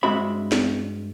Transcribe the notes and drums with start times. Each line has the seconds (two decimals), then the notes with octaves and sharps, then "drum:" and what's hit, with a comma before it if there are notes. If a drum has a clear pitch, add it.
0.03 G2 G#3 C4 F#4 E5 B5
0.52 drum: snare